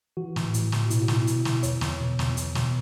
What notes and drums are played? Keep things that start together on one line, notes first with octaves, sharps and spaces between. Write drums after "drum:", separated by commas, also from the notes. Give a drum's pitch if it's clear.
E3 F#4
A2, drum: snare
A2, drum: hi-hat
A2, drum: snare
B2 E4, drum: hi-hat
F#4
B2, drum: snare
E4
B2, drum: hi-hat
B2, drum: snare
E2 C#5, drum: hi-hat
E2, drum: snare
B2
E2, drum: snare
E2, drum: hi-hat
B2, drum: snare